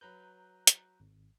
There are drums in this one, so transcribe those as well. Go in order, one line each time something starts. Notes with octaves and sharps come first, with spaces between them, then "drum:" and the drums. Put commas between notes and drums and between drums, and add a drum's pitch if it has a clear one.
F#3 B4 A#5 F#6 G6
drum: hi-hat
G#1